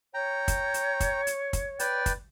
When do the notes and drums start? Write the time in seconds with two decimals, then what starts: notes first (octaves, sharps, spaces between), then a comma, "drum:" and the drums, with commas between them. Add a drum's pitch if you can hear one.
0.14 C#5 G5 A#5
0.48 drum: kick, hi-hat
0.74 drum: hi-hat
1.00 drum: kick, hi-hat
1.27 drum: hi-hat
1.53 drum: kick, hi-hat
1.79 B4 D5 G5, drum: hi-hat
2.06 drum: kick, hi-hat